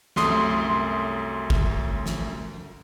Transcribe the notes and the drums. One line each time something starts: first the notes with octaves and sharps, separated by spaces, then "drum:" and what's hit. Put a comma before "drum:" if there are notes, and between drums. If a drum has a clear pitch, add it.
C2 F#2 A3 C6 D#6 C7, drum: snare
drum: kick
drum: snare